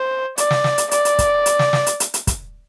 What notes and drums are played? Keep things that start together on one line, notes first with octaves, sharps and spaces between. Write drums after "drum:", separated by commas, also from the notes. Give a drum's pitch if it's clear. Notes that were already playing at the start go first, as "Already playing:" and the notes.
Already playing: C5
D5, drum: hi-hat
drum: snare
drum: snare
drum: hi-hat
D5, drum: hi-hat
drum: hi-hat
drum: kick, hi-hat
drum: hi-hat
drum: snare
drum: snare
drum: hi-hat
drum: hi-hat
drum: hi-hat
drum: kick, hi-hat